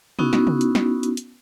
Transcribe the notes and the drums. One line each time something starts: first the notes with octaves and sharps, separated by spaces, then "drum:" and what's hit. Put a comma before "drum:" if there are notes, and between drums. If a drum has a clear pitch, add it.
B3 C#4 D#4 E4 F#4, drum: tom
drum: snare
drum: tom
drum: hi-hat
drum: snare
drum: hi-hat
drum: hi-hat